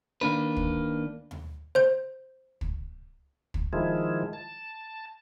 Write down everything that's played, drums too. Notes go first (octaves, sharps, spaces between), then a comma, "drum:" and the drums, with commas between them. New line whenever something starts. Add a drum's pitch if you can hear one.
D#3 A#3 D4 B4
drum: kick
drum: tom D#2
C5 G6
drum: kick
drum: kick
D#3 F3 G#3 E4
A5